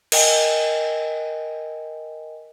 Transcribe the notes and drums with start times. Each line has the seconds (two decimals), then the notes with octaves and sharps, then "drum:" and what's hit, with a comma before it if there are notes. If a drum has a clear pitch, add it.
0.12 A#4 D#5 G5 G#5, drum: cymbal